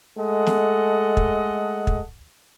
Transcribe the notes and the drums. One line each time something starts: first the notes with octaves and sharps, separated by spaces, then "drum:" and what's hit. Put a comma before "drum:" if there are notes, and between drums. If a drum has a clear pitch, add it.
G#3 A3 A4 D#5 F#5
drum: snare
drum: kick
drum: kick